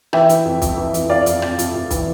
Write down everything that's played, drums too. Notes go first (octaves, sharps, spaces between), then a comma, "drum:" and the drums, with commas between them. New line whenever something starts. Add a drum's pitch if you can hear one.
E3 E5 G5, drum: rim click
E3, drum: hi-hat
F2
F2, drum: kick, hi-hat
E3
F2, drum: hi-hat
F2 D5 F5
F2, drum: hi-hat
F2, drum: rim click
F2, drum: hi-hat
F2
E3, drum: kick, hi-hat